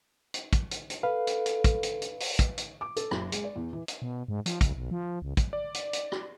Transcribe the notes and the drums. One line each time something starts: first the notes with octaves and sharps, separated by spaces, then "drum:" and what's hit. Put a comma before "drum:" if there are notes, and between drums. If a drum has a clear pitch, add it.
drum: hi-hat
drum: kick, hi-hat
drum: hi-hat
drum: hi-hat
A4 B4 F5
drum: hi-hat
drum: hi-hat
drum: kick, hi-hat
drum: hi-hat
drum: hi-hat
drum: open hi-hat
drum: kick, hi-hat
drum: hi-hat
D6
A4, drum: hi-hat
F#1, drum: rim click
G#3, drum: hi-hat
D5
E2
E3
drum: hi-hat
B2
G#2
F3, drum: hi-hat
C#2, drum: kick, hi-hat
B1
F3
C#2
drum: kick, hi-hat
D5
drum: hi-hat
drum: hi-hat
drum: rim click